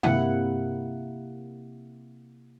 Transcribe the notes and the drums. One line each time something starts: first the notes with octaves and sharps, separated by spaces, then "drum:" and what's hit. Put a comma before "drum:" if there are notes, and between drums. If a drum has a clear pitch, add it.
C3 A#3 E4 F#5, drum: tom